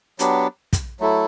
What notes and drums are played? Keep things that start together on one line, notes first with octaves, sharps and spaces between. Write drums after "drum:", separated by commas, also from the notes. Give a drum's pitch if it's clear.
F#3 B3 D4 G4, drum: hi-hat
drum: kick, hi-hat
F#3 A3 E4 A4